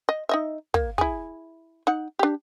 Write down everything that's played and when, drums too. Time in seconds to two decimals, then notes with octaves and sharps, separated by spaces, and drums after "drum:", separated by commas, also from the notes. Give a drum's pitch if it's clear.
0.09 D#5
0.29 D#4 D#5 E5
0.74 A#3, drum: kick
0.98 E4 G#4, drum: kick
1.87 D#4 F#5
2.19 D4 G4